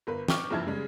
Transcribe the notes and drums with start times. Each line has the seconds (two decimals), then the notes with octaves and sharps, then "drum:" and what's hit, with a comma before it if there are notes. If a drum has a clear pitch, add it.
0.07 G1 A#4 B4
0.28 G5 C#6 D6 F6, drum: snare
0.50 F#1 G2 F3 E4 A5 G#6
0.67 C#3 G3 G#3